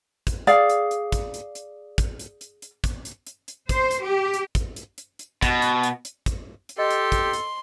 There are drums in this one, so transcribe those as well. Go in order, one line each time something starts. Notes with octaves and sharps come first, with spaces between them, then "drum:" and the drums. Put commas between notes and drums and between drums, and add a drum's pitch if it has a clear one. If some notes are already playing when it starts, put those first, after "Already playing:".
drum: kick, hi-hat
G#4 D5 F5, drum: hi-hat
drum: hi-hat
drum: hi-hat
drum: kick, hi-hat
drum: hi-hat
drum: hi-hat
drum: kick, hi-hat
drum: hi-hat
drum: hi-hat
drum: hi-hat
drum: kick, hi-hat
drum: hi-hat
drum: hi-hat
drum: hi-hat
C5, drum: kick, hi-hat
drum: hi-hat
G4
drum: hi-hat
drum: kick, hi-hat
drum: hi-hat
drum: hi-hat
drum: hi-hat
B2, drum: kick, hi-hat
drum: hi-hat
drum: hi-hat
drum: hi-hat
drum: kick, hi-hat
drum: hi-hat
G4 A4 D#5 C6
drum: hi-hat
drum: kick, hi-hat
drum: hi-hat